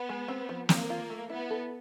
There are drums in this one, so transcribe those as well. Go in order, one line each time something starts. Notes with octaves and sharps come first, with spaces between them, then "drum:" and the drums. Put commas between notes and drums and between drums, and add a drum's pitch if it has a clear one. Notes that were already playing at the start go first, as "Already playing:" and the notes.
Already playing: B3
G#3
C4
F3
A#3 C4, drum: snare
F4
A3
B3 E4
A4